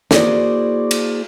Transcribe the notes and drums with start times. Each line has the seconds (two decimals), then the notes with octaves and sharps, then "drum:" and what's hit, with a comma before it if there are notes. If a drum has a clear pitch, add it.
0.11 A#3 E4 F#4 G#4 C5 D5, drum: snare
0.91 drum: cymbal